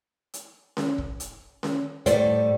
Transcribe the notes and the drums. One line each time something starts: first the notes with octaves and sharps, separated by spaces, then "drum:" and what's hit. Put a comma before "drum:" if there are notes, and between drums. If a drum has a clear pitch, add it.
drum: hi-hat
drum: snare C#4
drum: kick
drum: hi-hat
drum: snare C#4
A2 G3 A4 C5 D5, drum: hi-hat